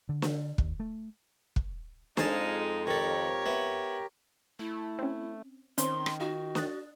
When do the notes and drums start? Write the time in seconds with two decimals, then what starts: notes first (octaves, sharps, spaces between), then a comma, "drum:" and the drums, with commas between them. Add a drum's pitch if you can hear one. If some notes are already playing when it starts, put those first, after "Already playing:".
0.09 D3
0.22 drum: snare
0.58 D#2, drum: kick
0.80 A3
1.56 drum: kick
2.17 F2 G#3 D#4 G#4 F5 G#5 A5, drum: snare
2.87 D#3 G4 A4 A#4 C#5
3.46 B3 E4
4.59 A3 E4
4.99 C4 C#4
5.78 D#3 C4 C#4 C5 C6, drum: hi-hat
6.06 drum: rim click
6.20 D#4 F4 F#4
6.55 D#6 F#6 A6, drum: snare